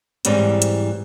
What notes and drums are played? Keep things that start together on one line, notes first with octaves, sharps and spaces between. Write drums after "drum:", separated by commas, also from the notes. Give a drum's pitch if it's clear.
G#2 E3 G3 C4 C#4, drum: hi-hat
drum: hi-hat